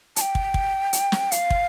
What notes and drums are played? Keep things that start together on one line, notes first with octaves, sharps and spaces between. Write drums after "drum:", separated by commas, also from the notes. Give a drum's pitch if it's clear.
A5, drum: hi-hat
G5
drum: kick
drum: kick
drum: hi-hat
drum: snare
F5, drum: hi-hat
drum: kick